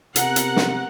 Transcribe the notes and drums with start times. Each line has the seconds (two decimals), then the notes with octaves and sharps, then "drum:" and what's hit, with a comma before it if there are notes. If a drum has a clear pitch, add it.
0.16 C3 B3 A#4 F#5, drum: hi-hat
0.36 drum: hi-hat
0.56 drum: snare